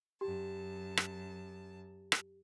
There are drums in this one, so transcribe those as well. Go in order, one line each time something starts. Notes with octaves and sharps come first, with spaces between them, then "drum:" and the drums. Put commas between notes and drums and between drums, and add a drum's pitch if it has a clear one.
F#2 G4 A5
drum: rim click
drum: rim click